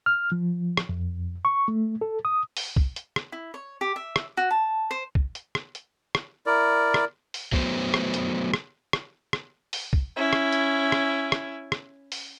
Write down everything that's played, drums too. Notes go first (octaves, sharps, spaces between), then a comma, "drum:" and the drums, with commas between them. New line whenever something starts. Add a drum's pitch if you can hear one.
F6
F3
drum: rim click
F2
C#6
A3
A4
D#6
drum: open hi-hat
drum: kick
drum: hi-hat
drum: rim click
E4
C#5
G4
E5
drum: rim click
F#4
A5
C5
drum: kick
drum: hi-hat
drum: rim click
drum: hi-hat
drum: rim click
E4 A#4 D5
drum: rim click
drum: open hi-hat
F#3 A3 B3 C5, drum: kick
drum: rim click
drum: hi-hat
drum: rim click
drum: rim click
drum: rim click
drum: open hi-hat
drum: kick
C#4 E4
drum: rim click
drum: hi-hat
drum: rim click
drum: rim click
drum: rim click
drum: open hi-hat